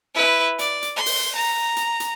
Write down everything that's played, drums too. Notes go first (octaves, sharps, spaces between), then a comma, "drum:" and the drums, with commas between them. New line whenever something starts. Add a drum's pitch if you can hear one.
E4 B4
D5, drum: hi-hat
drum: hi-hat
C6
drum: open hi-hat
A#5
drum: hi-hat
drum: hi-hat